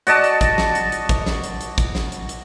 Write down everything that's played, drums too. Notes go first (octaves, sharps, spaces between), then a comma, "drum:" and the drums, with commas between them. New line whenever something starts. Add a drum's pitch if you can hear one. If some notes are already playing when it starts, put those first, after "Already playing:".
F#4 D5 D#5 A5, drum: hi-hat
drum: hi-hat
drum: kick, hi-hat
drum: snare
drum: hi-hat
drum: hi-hat
drum: kick, hi-hat
drum: snare
drum: hi-hat
drum: hi-hat
drum: kick, hi-hat
drum: snare
drum: hi-hat
drum: hi-hat